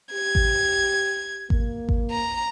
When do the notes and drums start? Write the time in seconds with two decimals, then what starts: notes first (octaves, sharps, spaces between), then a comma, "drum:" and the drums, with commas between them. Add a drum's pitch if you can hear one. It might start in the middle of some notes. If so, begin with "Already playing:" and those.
0.13 G4 G#6
0.35 drum: kick G#1
1.50 A#3, drum: kick G#1
1.89 drum: kick G#1
2.11 A#5